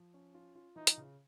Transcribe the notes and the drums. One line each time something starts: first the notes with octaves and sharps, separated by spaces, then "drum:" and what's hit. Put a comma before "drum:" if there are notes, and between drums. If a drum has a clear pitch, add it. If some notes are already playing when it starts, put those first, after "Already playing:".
Already playing: F3
C#4
F4
F4
E3 D#4
drum: hi-hat
C#3